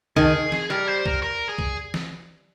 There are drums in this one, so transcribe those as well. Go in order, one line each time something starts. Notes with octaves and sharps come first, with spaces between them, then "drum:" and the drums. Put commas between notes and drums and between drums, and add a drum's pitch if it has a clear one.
D#3 G#4, drum: kick B1
drum: snare
G3 A#4
C5
A#4, drum: kick B1
A#4
G#4
drum: kick B1
drum: snare